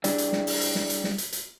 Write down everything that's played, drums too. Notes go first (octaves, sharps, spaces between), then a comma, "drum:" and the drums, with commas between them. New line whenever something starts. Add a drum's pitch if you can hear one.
G3 D4 E4 G4 G#4 D5, drum: hi-hat
drum: hi-hat
drum: snare
drum: open hi-hat
drum: hi-hat
drum: snare
drum: hi-hat
drum: snare
drum: hi-hat
drum: hi-hat